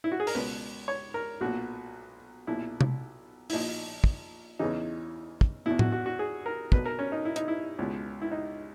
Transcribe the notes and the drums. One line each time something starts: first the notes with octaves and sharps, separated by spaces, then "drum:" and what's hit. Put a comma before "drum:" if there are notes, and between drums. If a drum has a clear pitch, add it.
E4
F#4
G#4
A#4, drum: open hi-hat
C#2 B2 B4
C#5
A#4
B1 A#2 F#4
B1 A#2 E4
drum: tom C3
E4, drum: open hi-hat
A#1 A#2 D#4
drum: kick
E2 C#3 E3 D#4
drum: kick
E2 B2 E4
F#4, drum: tom A2
F#4
F#4
G#4
A#4
B1 B2 B4, drum: kick
A#4
C#4
D#4
E4
D#4, drum: hi-hat
E4
C#2 B2
E4
D#4